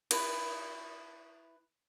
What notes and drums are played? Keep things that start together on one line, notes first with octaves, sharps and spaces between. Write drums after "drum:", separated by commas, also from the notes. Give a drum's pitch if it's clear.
E4 B4 B5, drum: cymbal